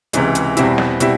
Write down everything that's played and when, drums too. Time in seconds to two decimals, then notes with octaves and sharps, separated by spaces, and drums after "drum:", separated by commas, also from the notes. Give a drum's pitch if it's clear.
0.13 C#2 C3 E3 G#3, drum: hi-hat
0.35 drum: hi-hat
0.57 E2 B2 G3 C4 E4, drum: hi-hat
0.78 drum: snare
1.00 B2 G3 C4 E4, drum: hi-hat